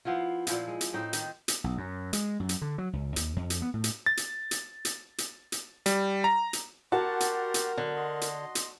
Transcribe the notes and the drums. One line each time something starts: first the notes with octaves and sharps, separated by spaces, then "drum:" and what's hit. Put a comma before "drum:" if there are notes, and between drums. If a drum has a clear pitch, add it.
F3 B3 E4 F4
A#2 F3 E4 F4, drum: hi-hat
G#3
drum: hi-hat
A2 C4 D#4
D#3, drum: hi-hat
drum: hi-hat
B1
F#2
G#3, drum: hi-hat
F#2
drum: hi-hat
D3
F#3
C#2
D#2, drum: hi-hat
F2
drum: hi-hat
B3
A2
drum: hi-hat
A6
drum: hi-hat
drum: hi-hat
drum: hi-hat
drum: hi-hat
drum: hi-hat
G3, drum: hi-hat
A#5
drum: hi-hat
F#4 G4 A#4 D5 A5 C6
drum: hi-hat
drum: hi-hat
D3 F#3 B3
D#5 C6
drum: hi-hat
drum: hi-hat